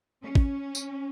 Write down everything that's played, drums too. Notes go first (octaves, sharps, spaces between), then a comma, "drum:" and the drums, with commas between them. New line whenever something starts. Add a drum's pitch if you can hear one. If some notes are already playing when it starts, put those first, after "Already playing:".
C#4
drum: kick
drum: tambourine